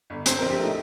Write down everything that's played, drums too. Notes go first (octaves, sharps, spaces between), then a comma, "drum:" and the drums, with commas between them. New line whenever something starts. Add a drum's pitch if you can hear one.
G1
C4 C5, drum: hi-hat
A#1 A#4
G4
A3 D#4